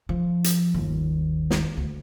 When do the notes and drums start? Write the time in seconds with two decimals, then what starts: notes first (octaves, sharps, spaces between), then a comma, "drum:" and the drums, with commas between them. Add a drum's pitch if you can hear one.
0.09 F3
0.44 drum: hi-hat
0.74 G1 D#2
1.51 drum: snare
1.77 D2